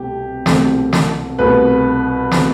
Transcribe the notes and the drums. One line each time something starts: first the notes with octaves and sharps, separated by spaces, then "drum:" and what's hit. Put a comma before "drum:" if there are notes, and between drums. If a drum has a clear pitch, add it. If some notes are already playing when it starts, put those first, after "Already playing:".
Already playing: C2 B2 A3 C4 G4
C2 B2 A3 C4, drum: snare
drum: snare
C2 B2 A3 C4 B4
B2 A3 C4, drum: snare